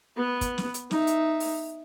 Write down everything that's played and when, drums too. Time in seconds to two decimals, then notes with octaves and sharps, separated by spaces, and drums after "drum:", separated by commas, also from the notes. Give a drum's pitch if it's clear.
0.17 B3 B4
0.41 drum: kick, hi-hat
0.58 drum: snare
0.74 drum: hi-hat
0.91 D#4 E5, drum: snare
1.07 drum: hi-hat
1.40 drum: open hi-hat